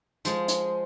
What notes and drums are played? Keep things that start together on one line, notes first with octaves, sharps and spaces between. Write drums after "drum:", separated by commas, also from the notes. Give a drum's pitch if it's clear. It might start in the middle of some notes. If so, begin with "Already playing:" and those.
F3 G#3, drum: hi-hat
drum: hi-hat